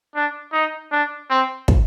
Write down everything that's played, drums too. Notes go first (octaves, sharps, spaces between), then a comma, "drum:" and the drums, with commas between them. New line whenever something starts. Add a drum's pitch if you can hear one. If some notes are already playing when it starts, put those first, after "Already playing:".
D4
D#4
D4
C4
drum: kick